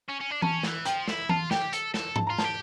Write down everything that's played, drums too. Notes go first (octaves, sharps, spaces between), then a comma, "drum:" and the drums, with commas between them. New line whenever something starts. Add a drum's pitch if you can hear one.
C#4
C#4
D4
C#4 A5, drum: tom E3
E3, drum: snare
F3 G5, drum: hi-hat
E4, drum: snare
F4 A5, drum: tom E3
G4 G5, drum: snare
A4, drum: hi-hat
A4, drum: snare
A5, drum: tom G#2
F4 A#5
A5, drum: snare
G4